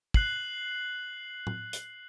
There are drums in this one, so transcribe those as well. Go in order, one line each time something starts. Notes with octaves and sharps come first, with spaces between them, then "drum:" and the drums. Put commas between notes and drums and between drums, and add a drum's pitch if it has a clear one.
F#6 C7 F#7, drum: kick
drum: tom A2
drum: hi-hat